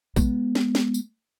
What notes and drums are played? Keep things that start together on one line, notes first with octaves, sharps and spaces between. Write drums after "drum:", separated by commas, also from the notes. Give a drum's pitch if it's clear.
G#3 B3, drum: kick, tambourine
drum: snare
drum: snare
drum: tambourine